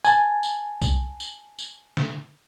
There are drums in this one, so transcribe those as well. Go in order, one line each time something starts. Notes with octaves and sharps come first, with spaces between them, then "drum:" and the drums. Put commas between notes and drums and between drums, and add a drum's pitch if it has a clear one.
G#5 A5, drum: tambourine
drum: tambourine
drum: kick B1, tambourine
drum: tambourine
drum: tambourine
drum: snare